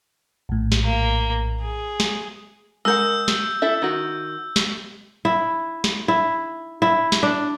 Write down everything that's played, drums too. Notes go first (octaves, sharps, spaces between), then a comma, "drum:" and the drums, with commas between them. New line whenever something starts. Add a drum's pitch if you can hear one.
A#1 A2
drum: snare
A#3
G#4
drum: snare
G#3 A#4 F#5 E6 G6
drum: snare
E4 A4 E5
D#3 F#4
drum: snare
E4
drum: snare
E4
E4
drum: snare
D4